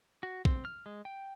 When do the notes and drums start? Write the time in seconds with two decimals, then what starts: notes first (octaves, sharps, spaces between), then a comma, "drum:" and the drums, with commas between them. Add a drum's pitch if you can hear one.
0.23 F#4
0.45 C4, drum: kick
0.65 F6
0.86 G#3
1.05 G5